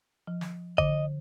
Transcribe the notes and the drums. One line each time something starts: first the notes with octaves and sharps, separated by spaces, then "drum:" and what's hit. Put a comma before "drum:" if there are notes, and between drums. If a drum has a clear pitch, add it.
F3
drum: snare
D3 D#5, drum: kick G#1